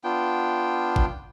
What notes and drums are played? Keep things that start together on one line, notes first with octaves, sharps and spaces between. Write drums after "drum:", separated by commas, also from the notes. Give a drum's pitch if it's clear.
B3 D4 F4 G5
drum: kick G1